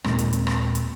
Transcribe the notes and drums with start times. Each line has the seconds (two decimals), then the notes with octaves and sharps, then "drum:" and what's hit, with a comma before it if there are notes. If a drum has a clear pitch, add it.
0.04 D#2 A#2 G#3 C4, drum: rim click
0.19 drum: hi-hat
0.33 drum: hi-hat
0.47 drum: rim click
0.75 drum: hi-hat